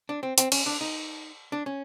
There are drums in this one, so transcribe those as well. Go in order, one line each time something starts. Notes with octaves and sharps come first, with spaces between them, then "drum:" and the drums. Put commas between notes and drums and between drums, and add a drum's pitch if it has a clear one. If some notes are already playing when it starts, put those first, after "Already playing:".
D4
C4
C4, drum: hi-hat
C#4, drum: cymbal
D4
D#4
D4
C#4